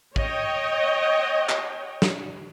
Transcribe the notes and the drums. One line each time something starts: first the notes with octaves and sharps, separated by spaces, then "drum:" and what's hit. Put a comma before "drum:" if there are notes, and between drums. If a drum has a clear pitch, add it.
C#5 D#5 G5, drum: kick
drum: clap
drum: snare